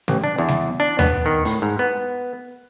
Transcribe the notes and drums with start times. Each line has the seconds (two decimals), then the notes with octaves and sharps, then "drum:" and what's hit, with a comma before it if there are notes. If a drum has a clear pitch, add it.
0.08 A1, drum: snare
0.24 D4
0.38 E2
0.48 drum: snare
0.80 D4
0.99 B3, drum: tom D#2
1.26 D#3
1.45 A2, drum: open hi-hat
1.62 G#2
1.79 B3